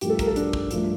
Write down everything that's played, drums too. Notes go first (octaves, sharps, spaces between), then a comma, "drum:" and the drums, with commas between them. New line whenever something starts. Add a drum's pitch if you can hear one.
G2 F3 A3 G4, drum: hi-hat
A4
A#4, drum: kick, hi-hat
A4
D4, drum: hi-hat
drum: kick
G2 F3 A3, drum: hi-hat